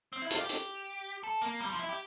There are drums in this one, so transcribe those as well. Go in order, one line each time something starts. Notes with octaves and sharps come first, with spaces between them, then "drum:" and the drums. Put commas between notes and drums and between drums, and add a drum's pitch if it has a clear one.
C4
E4
F4, drum: hi-hat
G4
drum: hi-hat
A4
A#3
G3
F3
E4
G4